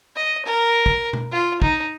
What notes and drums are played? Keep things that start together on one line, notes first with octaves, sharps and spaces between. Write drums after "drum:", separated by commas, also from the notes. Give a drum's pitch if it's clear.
D#5
A#4
drum: kick
drum: tom B2
F4
D#4, drum: kick